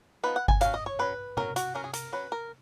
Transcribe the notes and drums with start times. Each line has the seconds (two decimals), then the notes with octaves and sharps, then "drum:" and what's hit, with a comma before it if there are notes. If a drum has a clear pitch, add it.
0.23 F3 B3 D#4 B4
0.36 F#5
0.48 G#5, drum: kick G1
0.61 F#3 C#4 F5, drum: hi-hat
0.74 D#5
0.86 C#5
0.99 F#3 C#4 B4
1.37 F#3 C#4 A#4, drum: tom C3
1.56 F#4, drum: hi-hat
1.75 F#3 C#4 A#4
1.84 G#4
1.93 A#4, drum: hi-hat
2.13 F#3 C#4 B4
2.32 A#4